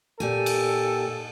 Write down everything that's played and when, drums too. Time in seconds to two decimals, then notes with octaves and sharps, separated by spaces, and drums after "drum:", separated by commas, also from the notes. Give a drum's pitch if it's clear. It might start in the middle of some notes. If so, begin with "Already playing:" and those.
0.20 A#2 G4 A4 G#5
0.46 drum: cymbal